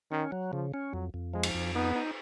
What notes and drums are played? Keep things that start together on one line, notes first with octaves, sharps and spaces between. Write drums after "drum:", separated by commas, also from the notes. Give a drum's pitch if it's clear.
D#3 C#4
F#3
C#3 F3
C#4
F2 F#3
F2
F3 G#3
drum: cymbal
F2
B3 D#4
D#4